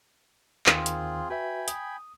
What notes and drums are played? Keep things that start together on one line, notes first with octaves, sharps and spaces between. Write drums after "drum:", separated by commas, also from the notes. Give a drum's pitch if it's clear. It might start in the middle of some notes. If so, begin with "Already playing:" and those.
D#2 D#3 C4 F4 G#4, drum: clap
drum: hi-hat
F#4 B4 E5 G5 G#5 B5
D#6, drum: hi-hat